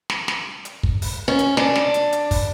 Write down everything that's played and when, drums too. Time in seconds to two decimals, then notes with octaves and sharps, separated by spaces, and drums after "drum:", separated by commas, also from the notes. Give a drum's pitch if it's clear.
0.10 drum: snare
0.28 drum: snare
0.65 drum: hi-hat
0.83 drum: kick
1.02 drum: open hi-hat
1.28 C#4
1.39 drum: hi-hat
1.57 D4, drum: snare
1.76 drum: snare
1.94 drum: hi-hat
2.12 drum: hi-hat
2.31 drum: kick, open hi-hat